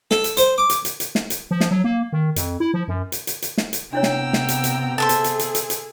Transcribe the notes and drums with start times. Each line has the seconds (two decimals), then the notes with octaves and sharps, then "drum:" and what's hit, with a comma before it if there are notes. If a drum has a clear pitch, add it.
0.11 A4, drum: snare
0.24 drum: hi-hat
0.37 C5, drum: hi-hat
0.58 D6
0.70 drum: hi-hat
0.85 drum: hi-hat
1.00 drum: hi-hat
1.15 drum: snare
1.30 drum: hi-hat
1.51 F3
1.60 drum: snare
1.71 F#3
1.84 A#3
2.13 D#3
2.36 F2, drum: hi-hat
2.60 E4
2.74 F3
2.88 F#2
3.12 drum: hi-hat
3.27 drum: hi-hat
3.42 drum: hi-hat
3.58 drum: snare
3.73 drum: hi-hat
3.93 C3 B3 D4 E4 C#5 G5 A#5 E6
4.03 drum: snare
4.33 drum: snare
4.48 drum: hi-hat
4.64 drum: hi-hat
4.98 G#4 A4 C5 E5 A5
5.09 drum: hi-hat
5.24 drum: hi-hat
5.39 drum: hi-hat
5.55 drum: hi-hat
5.70 drum: hi-hat